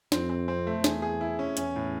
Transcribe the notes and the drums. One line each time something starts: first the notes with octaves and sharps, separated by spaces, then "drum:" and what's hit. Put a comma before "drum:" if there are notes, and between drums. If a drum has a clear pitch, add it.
F2 C4, drum: snare
C4
C4
A3
E2 G#4, drum: snare
G#4
E4
C#4
E2 C#4, drum: hi-hat
A2